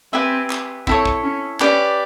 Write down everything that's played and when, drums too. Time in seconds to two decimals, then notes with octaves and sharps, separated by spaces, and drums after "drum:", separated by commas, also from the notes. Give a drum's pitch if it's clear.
0.13 C4 G4 B4 E5 G#5
0.50 drum: clap
0.87 C4 E4 A4 C#5, drum: kick
1.05 drum: kick
1.23 C#4
1.60 C#4 G4 B4 D5, drum: clap